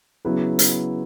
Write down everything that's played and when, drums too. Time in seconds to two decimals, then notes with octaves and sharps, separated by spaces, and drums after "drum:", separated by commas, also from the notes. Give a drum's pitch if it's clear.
0.25 C#3 F#3 B3 E4 B4
0.59 drum: hi-hat